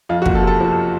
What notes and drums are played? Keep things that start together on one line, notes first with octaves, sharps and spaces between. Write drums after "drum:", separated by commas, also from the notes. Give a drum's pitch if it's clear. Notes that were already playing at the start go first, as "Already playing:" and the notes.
F2 F4
F#4
F#1, drum: kick
A4
C3
A4
F3